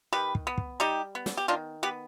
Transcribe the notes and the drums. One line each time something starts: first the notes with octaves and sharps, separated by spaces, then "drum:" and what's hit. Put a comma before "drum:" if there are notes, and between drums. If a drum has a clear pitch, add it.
D#3 G4 B4
drum: kick
B3
drum: kick
G3 D#4 G4
B3
drum: snare
G4
D#3 D4 F4
B3 G4 B4